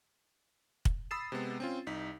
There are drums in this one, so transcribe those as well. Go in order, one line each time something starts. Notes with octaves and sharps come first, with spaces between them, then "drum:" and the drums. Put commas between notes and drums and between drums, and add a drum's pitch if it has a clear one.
drum: kick
B5 D#6 E6 A6 C7 E7
C3 G#3 B3
C4 C#4 F4
C2 D#4 B6